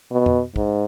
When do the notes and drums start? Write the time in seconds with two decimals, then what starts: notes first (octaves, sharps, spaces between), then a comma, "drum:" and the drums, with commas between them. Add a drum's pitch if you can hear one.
0.11 B2
0.26 drum: tom F2
0.56 G#2, drum: kick